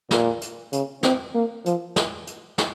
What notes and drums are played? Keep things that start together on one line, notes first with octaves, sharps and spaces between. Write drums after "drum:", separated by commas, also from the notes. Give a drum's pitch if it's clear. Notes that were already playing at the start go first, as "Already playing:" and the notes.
A#2, drum: snare
drum: hi-hat
C#3, drum: hi-hat
C4, drum: snare
A#3
F3, drum: hi-hat
drum: snare
drum: hi-hat
drum: snare